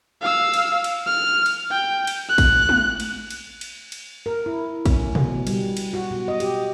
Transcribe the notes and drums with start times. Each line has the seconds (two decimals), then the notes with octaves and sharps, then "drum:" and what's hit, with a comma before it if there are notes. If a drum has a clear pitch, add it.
0.21 F5 E6
0.54 drum: cymbal
0.84 drum: cymbal
1.07 F6
1.46 drum: cymbal
1.70 G5
2.07 drum: cymbal
2.29 F#6
2.38 drum: kick, cymbal
2.69 drum: tom
3.00 drum: cymbal
3.30 drum: cymbal
3.61 drum: cymbal
3.92 drum: cymbal
4.26 A#4
4.46 E4
4.86 C#4, drum: kick, cymbal
5.15 B2, drum: tom
5.47 G3, drum: cymbal
5.77 drum: cymbal
5.93 F#4
6.11 B2
6.28 D#5
6.40 G4, drum: cymbal